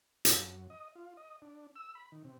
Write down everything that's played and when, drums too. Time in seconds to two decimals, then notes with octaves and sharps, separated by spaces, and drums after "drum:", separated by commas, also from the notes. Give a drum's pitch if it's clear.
0.25 F#2, drum: hi-hat
0.70 D#5
0.95 F4
1.17 D#5
1.42 D4
1.76 E6
1.95 B5
2.12 D#3
2.24 C3